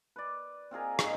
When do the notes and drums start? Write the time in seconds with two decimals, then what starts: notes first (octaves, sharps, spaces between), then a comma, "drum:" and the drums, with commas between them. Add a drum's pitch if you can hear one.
0.16 B4 D5
0.71 C4 F4 G#4 A#4
0.99 G#2 D#3 C5, drum: rim click